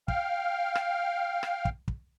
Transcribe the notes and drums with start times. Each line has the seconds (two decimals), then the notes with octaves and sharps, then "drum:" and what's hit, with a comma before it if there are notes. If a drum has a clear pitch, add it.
0.08 F5 G5 F6, drum: kick
0.75 drum: rim click
1.43 drum: rim click
1.65 drum: kick
1.88 drum: kick